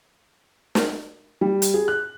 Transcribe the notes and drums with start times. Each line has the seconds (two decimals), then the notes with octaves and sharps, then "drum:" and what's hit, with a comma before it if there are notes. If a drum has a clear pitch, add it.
0.75 drum: snare
1.41 G3
1.62 drum: hi-hat
1.74 G#4
1.88 F#6